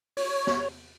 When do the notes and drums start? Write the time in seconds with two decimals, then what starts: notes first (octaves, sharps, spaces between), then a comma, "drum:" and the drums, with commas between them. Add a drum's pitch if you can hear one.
0.17 C#5, drum: open hi-hat
0.47 drum: snare